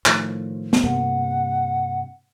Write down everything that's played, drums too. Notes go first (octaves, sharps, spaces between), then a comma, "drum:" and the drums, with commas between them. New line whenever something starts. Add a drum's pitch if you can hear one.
A2 D#3 F3, drum: clap
drum: snare
G2 C3 A#3 F#5